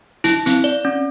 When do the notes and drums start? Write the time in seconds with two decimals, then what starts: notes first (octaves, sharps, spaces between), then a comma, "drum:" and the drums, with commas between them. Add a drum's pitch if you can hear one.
0.24 E4, drum: hi-hat
0.46 C4, drum: hi-hat
0.64 D5
0.85 C#4